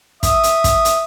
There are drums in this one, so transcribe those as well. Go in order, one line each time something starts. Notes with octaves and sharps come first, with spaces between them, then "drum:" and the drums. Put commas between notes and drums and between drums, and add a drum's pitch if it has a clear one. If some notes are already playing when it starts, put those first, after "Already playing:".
E5 D#6, drum: kick, hi-hat
drum: hi-hat
drum: kick, hi-hat
drum: hi-hat